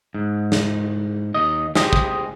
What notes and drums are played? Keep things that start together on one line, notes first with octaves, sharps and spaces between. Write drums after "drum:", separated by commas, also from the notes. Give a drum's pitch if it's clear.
G#2
drum: snare
D#2 D#5
G4 G#4 C5 D#5, drum: snare
drum: kick